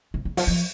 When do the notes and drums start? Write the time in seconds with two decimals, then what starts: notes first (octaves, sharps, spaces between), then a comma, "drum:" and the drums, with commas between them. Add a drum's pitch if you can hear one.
0.14 C3
0.25 C#3
0.37 F3, drum: open hi-hat
0.47 F3